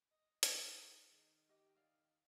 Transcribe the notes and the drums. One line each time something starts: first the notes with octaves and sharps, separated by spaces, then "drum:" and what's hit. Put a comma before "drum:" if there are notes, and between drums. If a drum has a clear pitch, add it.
D#5
D#4 C5, drum: hi-hat
D#3 G#4 D#5
G4 D#5 D6
D5 F5 D#6